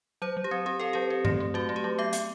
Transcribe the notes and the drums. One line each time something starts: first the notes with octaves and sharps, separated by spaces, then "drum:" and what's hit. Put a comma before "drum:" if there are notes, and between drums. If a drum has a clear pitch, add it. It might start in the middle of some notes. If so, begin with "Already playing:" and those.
F#3 C5
F#3
G4
C4
C4 G4
C4 A4
F#3 G4
C4
A3, drum: tom G2
A3
F#3 F#4
A3
G4
F#3
B3 E5
B3, drum: hi-hat